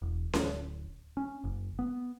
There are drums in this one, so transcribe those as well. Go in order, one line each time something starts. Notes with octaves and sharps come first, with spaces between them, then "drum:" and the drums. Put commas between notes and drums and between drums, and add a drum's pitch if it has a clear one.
E1
D1, drum: snare C#4
C#4
F#1
B3